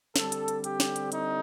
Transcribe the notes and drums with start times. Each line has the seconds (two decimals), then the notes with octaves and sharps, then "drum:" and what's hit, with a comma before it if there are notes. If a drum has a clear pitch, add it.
0.16 D3 G3 C4 A4, drum: snare
0.32 drum: hi-hat
0.48 drum: hi-hat
0.64 G4, drum: hi-hat
0.80 drum: snare
0.96 drum: hi-hat
1.12 D#4, drum: hi-hat